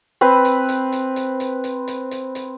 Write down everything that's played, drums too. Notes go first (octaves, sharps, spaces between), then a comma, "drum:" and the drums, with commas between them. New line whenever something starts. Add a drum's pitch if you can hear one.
C4 B4 B5
drum: hi-hat
drum: hi-hat
drum: hi-hat
drum: hi-hat
drum: hi-hat
drum: hi-hat
drum: hi-hat
drum: hi-hat
drum: hi-hat